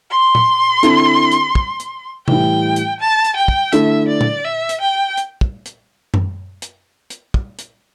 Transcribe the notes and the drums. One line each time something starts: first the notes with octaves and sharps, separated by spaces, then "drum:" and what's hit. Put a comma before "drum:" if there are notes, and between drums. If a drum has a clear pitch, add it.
C6
drum: tom A#2
D3 C4 E4 A4, drum: hi-hat
drum: hi-hat
drum: kick
drum: hi-hat
A2 E3 G3 E4 G5, drum: tom C3
drum: hi-hat
A5
drum: hi-hat
G5
drum: kick
D3 A3 E4 A4 E5, drum: hi-hat
D5
drum: tom A#2
E5
drum: hi-hat
G5
drum: hi-hat
drum: kick
drum: hi-hat
drum: tom F#2
drum: hi-hat
drum: hi-hat
drum: kick
drum: hi-hat